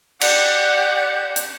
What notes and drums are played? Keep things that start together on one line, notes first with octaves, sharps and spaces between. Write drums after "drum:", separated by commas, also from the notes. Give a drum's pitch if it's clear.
G4 D5 F#5 G6, drum: cymbal
drum: hi-hat